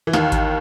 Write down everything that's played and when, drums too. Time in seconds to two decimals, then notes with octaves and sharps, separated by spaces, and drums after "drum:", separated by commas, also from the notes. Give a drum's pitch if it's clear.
0.07 E3
0.13 D#2 D#3, drum: snare
0.32 drum: kick G#1, hi-hat